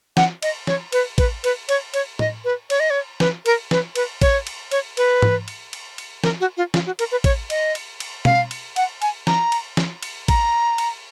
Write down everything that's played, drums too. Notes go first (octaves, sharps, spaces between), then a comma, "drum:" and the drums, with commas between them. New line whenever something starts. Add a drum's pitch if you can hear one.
F#5, drum: snare
D#5, drum: cymbal
C#5, drum: snare
B4, drum: cymbal
B4, drum: kick, cymbal
B4, drum: cymbal
C#5, drum: cymbal
C#5, drum: cymbal
D#5, drum: tom A2
B4
C#5, drum: cymbal
D#5
C#5
B4, drum: snare
A#4, drum: cymbal
B4, drum: snare
B4, drum: cymbal
C#5, drum: kick, cymbal
drum: cymbal
C#5, drum: cymbal
B4, drum: cymbal
drum: tom G#2
drum: cymbal
drum: cymbal
drum: cymbal
A#4, drum: snare
F#4
F4
F4, drum: snare
F#4
A#4, drum: cymbal
B4
C#5, drum: kick, cymbal
D#5, drum: cymbal
drum: cymbal
drum: cymbal
F5, drum: tom
drum: cymbal
F#5, drum: cymbal
G#5, drum: cymbal
A#5, drum: snare
drum: cymbal
drum: snare
drum: cymbal
A#5, drum: kick, cymbal
drum: cymbal